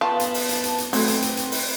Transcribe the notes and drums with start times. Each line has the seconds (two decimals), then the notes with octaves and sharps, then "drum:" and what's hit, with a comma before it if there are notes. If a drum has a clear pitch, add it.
0.01 B3 F4 G5 A5 C6 C#6
0.20 drum: hi-hat
0.34 drum: open hi-hat
0.49 drum: hi-hat
0.64 drum: hi-hat
0.78 drum: hi-hat
0.93 F#3 A3 C4 A4 B4, drum: open hi-hat
1.08 drum: hi-hat
1.22 drum: hi-hat
1.37 drum: hi-hat
1.52 drum: open hi-hat